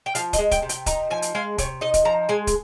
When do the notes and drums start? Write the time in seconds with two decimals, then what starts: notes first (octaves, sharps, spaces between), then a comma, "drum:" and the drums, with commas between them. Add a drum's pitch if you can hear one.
0.06 G5
0.15 F3 F5, drum: hi-hat
0.33 D#5, drum: kick, hi-hat
0.38 G#3
0.51 G5, drum: kick, hi-hat
0.62 C3
0.69 G5, drum: hi-hat
0.86 D#4 A#5, drum: kick, hi-hat
1.10 F3 G#5
1.22 drum: hi-hat
1.35 G#3 F5
1.58 C3 C#5, drum: kick, hi-hat
1.81 D#4 D#5
1.94 drum: kick, hi-hat
2.05 F3 A#5
2.29 G#3 G#5
2.47 drum: kick, hi-hat